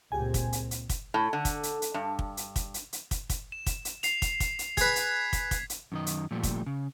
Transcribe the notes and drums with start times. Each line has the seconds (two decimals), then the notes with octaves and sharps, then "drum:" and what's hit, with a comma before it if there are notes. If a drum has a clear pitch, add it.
0.12 C#2 A#2 C4 G4 G#4 G#5
0.34 drum: kick, hi-hat
0.53 drum: hi-hat
0.71 drum: hi-hat
0.89 drum: kick, hi-hat
1.14 A2
1.33 D3
1.45 drum: kick, hi-hat
1.63 drum: hi-hat
1.82 drum: hi-hat
1.94 G2
2.19 drum: kick
2.37 drum: hi-hat
2.56 drum: kick, hi-hat
2.74 drum: hi-hat
2.93 drum: hi-hat
3.11 drum: kick, hi-hat
3.30 drum: kick, hi-hat
3.52 E7
3.66 drum: kick, hi-hat
3.85 drum: hi-hat
4.03 C7 F7, drum: hi-hat
4.22 drum: kick, hi-hat
4.40 drum: kick, hi-hat
4.59 drum: hi-hat
4.77 G#4 B4 G#6 B6, drum: kick, hi-hat
4.96 drum: hi-hat
5.33 drum: kick, hi-hat
5.51 drum: kick, hi-hat
5.70 drum: hi-hat
5.92 F#2 D#3 D#5
6.06 drum: hi-hat
6.31 A#2 F3 G3 A3
6.43 drum: kick, hi-hat
6.66 C#3